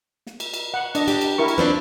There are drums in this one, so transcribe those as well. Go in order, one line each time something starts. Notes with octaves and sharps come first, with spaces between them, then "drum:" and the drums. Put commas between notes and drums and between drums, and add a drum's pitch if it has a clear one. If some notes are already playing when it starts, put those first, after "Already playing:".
drum: snare
drum: cymbal
drum: cymbal
F#5
D4 D#5, drum: cymbal
G4, drum: cymbal
drum: cymbal
E4 A#4 C#6
drum: cymbal
F3 C4 D4 B4